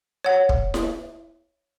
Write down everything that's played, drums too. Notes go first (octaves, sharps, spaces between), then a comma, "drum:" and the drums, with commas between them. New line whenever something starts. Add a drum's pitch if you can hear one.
C#5 F#5
drum: kick
drum: snare E4